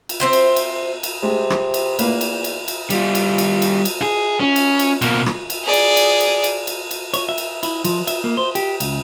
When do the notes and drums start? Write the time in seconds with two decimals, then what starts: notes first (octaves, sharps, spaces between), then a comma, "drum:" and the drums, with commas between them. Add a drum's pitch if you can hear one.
0.09 drum: cymbal
0.20 C4 C5 E5
0.33 drum: cymbal
0.56 drum: cymbal
1.03 drum: cymbal
1.23 C3 G#3
1.50 drum: rim click
1.74 drum: cymbal
1.99 E2 A#3 B4, drum: cymbal
2.21 drum: cymbal
2.44 drum: cymbal
2.68 drum: cymbal
2.90 G3 F4, drum: cymbal
3.15 drum: cymbal
3.38 drum: cymbal
3.62 drum: cymbal
3.85 drum: cymbal
4.02 G#4
4.40 C#4
4.56 drum: cymbal
4.79 drum: cymbal
5.02 B2 A#3, drum: cymbal
5.26 drum: rim click
5.50 drum: cymbal
5.64 G#4 D5
5.73 drum: cymbal
5.97 drum: cymbal
6.20 drum: cymbal
6.44 drum: cymbal
6.67 drum: cymbal
6.91 drum: cymbal
7.14 C#5, drum: cymbal
7.29 E5
7.38 drum: cymbal
7.63 E4, drum: cymbal
7.84 F3, drum: cymbal
8.07 E5, drum: cymbal
8.24 A#3
8.37 C5
8.55 G4, drum: cymbal
8.80 C#2, drum: cymbal